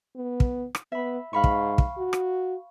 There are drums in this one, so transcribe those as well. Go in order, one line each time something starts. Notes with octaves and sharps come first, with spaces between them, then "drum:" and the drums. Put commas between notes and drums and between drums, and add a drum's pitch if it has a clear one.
B3
drum: kick
drum: rim click
B3 E5 B5
G#2 F5 B5 C#6
drum: kick
drum: kick
F#4
drum: rim click